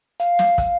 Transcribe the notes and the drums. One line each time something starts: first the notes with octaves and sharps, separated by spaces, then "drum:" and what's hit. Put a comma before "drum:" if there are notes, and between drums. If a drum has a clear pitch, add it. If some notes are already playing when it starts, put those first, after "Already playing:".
F5, drum: hi-hat
drum: snare
drum: kick, hi-hat